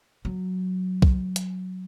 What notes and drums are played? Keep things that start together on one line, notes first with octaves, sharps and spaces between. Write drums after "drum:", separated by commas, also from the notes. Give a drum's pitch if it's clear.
F#3
drum: kick
drum: hi-hat